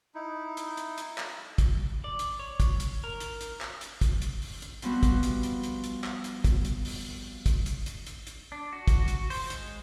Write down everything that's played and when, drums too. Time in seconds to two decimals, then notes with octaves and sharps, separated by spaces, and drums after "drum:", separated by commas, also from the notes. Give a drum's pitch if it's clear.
0.15 D#4 E4
0.57 drum: hi-hat
0.77 drum: hi-hat
0.98 drum: hi-hat
1.18 drum: clap
1.58 drum: kick, hi-hat
2.04 D5
2.19 drum: hi-hat
2.39 C#5
2.60 drum: kick, hi-hat
2.80 drum: hi-hat
3.04 A#4
3.20 drum: hi-hat
3.41 drum: hi-hat
3.61 drum: clap
3.81 drum: hi-hat
4.01 drum: kick, hi-hat
4.22 drum: hi-hat
4.42 drum: open hi-hat
4.62 drum: hi-hat
4.82 B2 F3 G3 B3 C4 F#4, drum: hi-hat
5.03 drum: kick, hi-hat
5.23 drum: hi-hat
5.43 drum: hi-hat
5.63 drum: hi-hat
5.84 drum: hi-hat
6.04 drum: clap
6.24 drum: hi-hat
6.44 drum: kick, hi-hat
6.65 drum: hi-hat
6.85 drum: open hi-hat
7.46 drum: kick, hi-hat
7.66 drum: hi-hat
7.86 drum: hi-hat
8.06 drum: hi-hat
8.27 drum: hi-hat
8.52 D4
8.73 F#4
8.88 drum: kick, hi-hat
9.08 drum: hi-hat
9.30 C5, drum: open hi-hat
9.50 G#3, drum: hi-hat